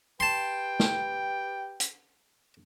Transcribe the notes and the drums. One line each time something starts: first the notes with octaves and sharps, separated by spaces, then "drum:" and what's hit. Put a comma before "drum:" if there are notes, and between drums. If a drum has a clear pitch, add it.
G4 B4 G5 A5 C6
drum: snare
drum: hi-hat